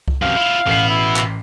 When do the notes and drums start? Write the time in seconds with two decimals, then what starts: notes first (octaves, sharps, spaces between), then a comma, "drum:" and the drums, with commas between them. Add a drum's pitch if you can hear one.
0.08 drum: kick C2
0.22 F#2 C3 F5
0.36 E4 F4
0.67 A1 B2 B3 C7
0.89 E4
1.16 drum: clap